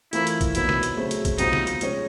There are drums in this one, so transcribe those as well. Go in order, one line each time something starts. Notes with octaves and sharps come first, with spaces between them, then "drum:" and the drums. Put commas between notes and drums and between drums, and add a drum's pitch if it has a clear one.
E3 A3 C4 E4 F4 A#4, drum: hi-hat
drum: hi-hat
drum: kick, hi-hat
A#2 F#3 B3 D#4 E4, drum: hi-hat
drum: snare
drum: hi-hat
C#3 F#3 A3 C4
drum: hi-hat
drum: kick, hi-hat
B2 G3 C4 D#4 F4, drum: hi-hat
drum: snare
drum: hi-hat
F3 G#3 C#4, drum: hi-hat